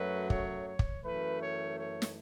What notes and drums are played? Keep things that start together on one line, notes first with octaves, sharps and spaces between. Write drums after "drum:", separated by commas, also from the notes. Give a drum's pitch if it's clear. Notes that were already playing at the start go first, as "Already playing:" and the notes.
Already playing: F#2 F#3 A3 B4
C#5, drum: kick
C#5
drum: kick
F#2 E3 A3 B4
C#5
C#5
drum: snare